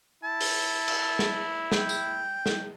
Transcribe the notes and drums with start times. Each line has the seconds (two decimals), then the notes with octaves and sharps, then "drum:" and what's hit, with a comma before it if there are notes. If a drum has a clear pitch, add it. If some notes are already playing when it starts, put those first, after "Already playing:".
0.23 E4 A5
0.41 drum: open hi-hat
0.88 drum: cymbal
1.19 drum: snare
1.72 G5, drum: snare
1.89 drum: tambourine
2.46 drum: snare